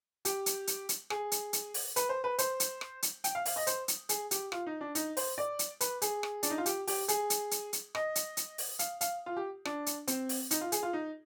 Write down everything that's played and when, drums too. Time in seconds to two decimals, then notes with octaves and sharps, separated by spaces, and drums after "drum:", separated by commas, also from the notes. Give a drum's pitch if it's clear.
0.25 G4, drum: hi-hat
0.46 drum: hi-hat
0.67 drum: hi-hat
0.89 drum: hi-hat
1.10 G#4, drum: rim click
1.32 drum: hi-hat
1.53 drum: hi-hat
1.74 drum: open hi-hat
1.96 B4, drum: hi-hat
2.09 C5
2.24 B4
2.38 C5, drum: hi-hat
2.60 drum: hi-hat
2.81 drum: rim click
3.02 drum: hi-hat
3.24 G5, drum: hi-hat
3.35 F5
3.45 F5, drum: open hi-hat
3.56 D#5
3.67 C5, drum: hi-hat
3.88 drum: hi-hat
4.09 G#4, drum: hi-hat
4.31 G4, drum: hi-hat
4.52 F4, drum: rim click
4.67 D#4
4.81 D4
4.95 D#4, drum: hi-hat
5.17 C5, drum: open hi-hat
5.38 D5
5.59 drum: hi-hat
5.81 B4, drum: hi-hat
6.02 G#4, drum: hi-hat
6.23 drum: rim click
6.43 D4, drum: hi-hat
6.50 D#4
6.58 F4
6.66 G4, drum: hi-hat
6.87 G4, drum: open hi-hat
7.08 G#4, drum: hi-hat
7.30 drum: hi-hat
7.51 drum: hi-hat
7.73 drum: hi-hat
7.95 D#5, drum: rim click
8.15 drum: hi-hat
8.37 drum: hi-hat
8.58 drum: open hi-hat
8.79 F5, drum: hi-hat
9.01 F5, drum: hi-hat
9.26 F4
9.36 G4
9.65 D4, drum: rim click
9.86 drum: hi-hat
10.07 C4, drum: hi-hat
10.29 drum: open hi-hat
10.51 D#4, drum: hi-hat
10.61 F4
10.72 G#4, drum: hi-hat
10.83 F4
10.93 D#4